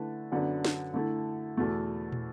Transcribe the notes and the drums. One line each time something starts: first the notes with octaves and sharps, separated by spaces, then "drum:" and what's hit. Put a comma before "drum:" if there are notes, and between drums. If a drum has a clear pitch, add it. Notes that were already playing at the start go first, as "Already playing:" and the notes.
Already playing: D3 A3 E4 B4
F#2 D3 F#3 B3 D4
drum: snare
D3 A3 E4
E2 B2 A3
drum: tom